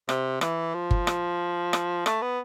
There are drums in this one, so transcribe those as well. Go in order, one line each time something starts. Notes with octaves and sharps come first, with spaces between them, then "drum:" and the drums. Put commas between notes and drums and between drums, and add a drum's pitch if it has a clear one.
C3, drum: rim click
E3, drum: rim click
F3
drum: kick G1
drum: rim click
drum: rim click
A3, drum: rim click
B3